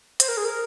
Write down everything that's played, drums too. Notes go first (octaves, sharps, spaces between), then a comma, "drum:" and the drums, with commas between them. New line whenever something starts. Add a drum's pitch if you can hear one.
C5, drum: hi-hat
A#4
G#4
A#4